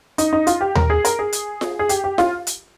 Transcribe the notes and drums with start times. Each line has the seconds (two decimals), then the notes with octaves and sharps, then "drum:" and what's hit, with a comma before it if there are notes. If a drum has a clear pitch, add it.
0.18 D#4, drum: hi-hat
0.33 D#4
0.47 F4, drum: hi-hat
0.61 G4
0.75 A#4, drum: tom D#2
0.90 G#4
1.05 A#4, drum: hi-hat
1.19 G#4
1.32 drum: hi-hat
1.61 drum: snare F4
1.79 G#4
1.89 G4, drum: hi-hat
2.04 G4
2.18 F4, drum: snare F4
2.47 drum: hi-hat